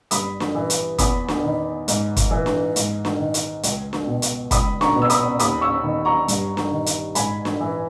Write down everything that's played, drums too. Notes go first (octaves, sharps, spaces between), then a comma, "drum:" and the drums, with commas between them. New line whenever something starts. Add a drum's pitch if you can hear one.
G2 B5 D#6, drum: hi-hat
drum: snare
E3
drum: hi-hat
E2 B5 D#6, drum: kick, hi-hat
drum: snare
D#3
G#2, drum: hi-hat
drum: kick, hi-hat
E3
drum: snare
G#2, drum: hi-hat
drum: snare
D#3
drum: hi-hat
C#2, drum: hi-hat
drum: snare
B2
drum: hi-hat
C#2 B5 D#6, drum: kick, hi-hat
A#5 C#6, drum: snare
B2
E6
B5 D#6, drum: hi-hat
D#2 B5 D#6, drum: hi-hat
C#6 E6
D#3
A#5 C#6
G2, drum: hi-hat
drum: snare
D#3
drum: hi-hat
G#2 G#5 B5, drum: hi-hat
drum: snare
E3